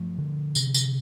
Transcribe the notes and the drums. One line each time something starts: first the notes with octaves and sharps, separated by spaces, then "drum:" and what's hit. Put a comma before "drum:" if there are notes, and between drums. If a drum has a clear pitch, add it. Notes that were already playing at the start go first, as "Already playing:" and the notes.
Already playing: G2 F3 A3
D3
C3, drum: tambourine
drum: tambourine